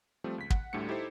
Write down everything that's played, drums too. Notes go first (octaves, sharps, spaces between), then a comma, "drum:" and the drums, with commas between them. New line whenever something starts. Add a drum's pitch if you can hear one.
F3 G3 A3 C4
C#2 B6
F#5, drum: kick
D2 A2 D3 G3 A3 C#7
D#4 E4 G4 A4 C5